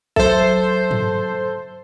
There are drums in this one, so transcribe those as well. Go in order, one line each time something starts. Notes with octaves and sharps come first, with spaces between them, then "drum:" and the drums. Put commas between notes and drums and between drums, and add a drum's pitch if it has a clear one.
F#3 A4 C5 E5, drum: kick A1
drum: tom G2